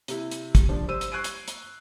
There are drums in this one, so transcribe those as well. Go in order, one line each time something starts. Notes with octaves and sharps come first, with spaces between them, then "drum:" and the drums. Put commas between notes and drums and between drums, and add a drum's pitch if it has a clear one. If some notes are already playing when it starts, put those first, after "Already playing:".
C3 E4, drum: hi-hat
drum: hi-hat
drum: kick, hi-hat
F3 G3 D4
G3 C5 E6 D#7
drum: hi-hat
C#6 F#6 G#6 C7 D7 D#7
drum: hi-hat
drum: hi-hat